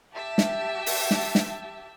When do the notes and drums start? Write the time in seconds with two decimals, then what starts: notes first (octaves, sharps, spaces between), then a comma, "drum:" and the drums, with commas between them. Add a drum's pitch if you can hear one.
0.14 G4 E5 A5
0.38 drum: snare
0.86 drum: open hi-hat
1.11 drum: snare
1.35 drum: snare